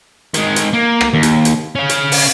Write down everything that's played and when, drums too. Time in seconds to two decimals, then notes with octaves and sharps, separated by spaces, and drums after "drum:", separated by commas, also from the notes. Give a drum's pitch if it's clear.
0.34 D#3 G#3, drum: hi-hat
0.56 drum: hi-hat
0.73 A#3
1.01 drum: rim click
1.14 D#2
1.23 drum: hi-hat
1.45 drum: hi-hat
1.75 C#4 F5
1.89 drum: hi-hat
2.12 drum: open hi-hat